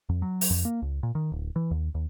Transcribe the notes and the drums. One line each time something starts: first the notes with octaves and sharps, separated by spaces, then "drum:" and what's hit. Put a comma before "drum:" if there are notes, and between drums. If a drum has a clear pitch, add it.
F2
F#3
drum: open hi-hat
F2
A#3
C#2
A#2
D#3
D1
E3
D#2
D#2